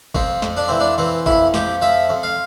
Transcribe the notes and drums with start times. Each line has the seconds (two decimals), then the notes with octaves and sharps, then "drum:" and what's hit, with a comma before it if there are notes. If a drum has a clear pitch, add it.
0.15 F2 C4, drum: kick G#1
0.42 F2, drum: snare
0.57 D4
0.68 E3 C4
0.80 D4
0.98 E3 C4
1.26 F2 E4, drum: kick G#1
1.54 F2 G4, drum: snare
1.82 F3 E5
2.10 F2
2.23 F5